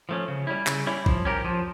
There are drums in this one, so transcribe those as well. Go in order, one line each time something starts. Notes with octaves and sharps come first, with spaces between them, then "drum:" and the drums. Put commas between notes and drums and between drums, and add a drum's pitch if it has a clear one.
F3 A3 C#4
C#3
G3 C#4 E4
C#3, drum: clap
G3 C#4 E4
F3, drum: kick A#1
C#4 G4 A#4
F3